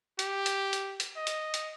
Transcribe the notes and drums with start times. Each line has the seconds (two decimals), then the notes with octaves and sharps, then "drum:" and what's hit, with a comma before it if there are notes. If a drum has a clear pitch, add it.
0.19 G4, drum: hi-hat
0.46 drum: hi-hat
0.73 drum: hi-hat
1.00 drum: hi-hat
1.16 D#5
1.27 drum: hi-hat
1.54 drum: hi-hat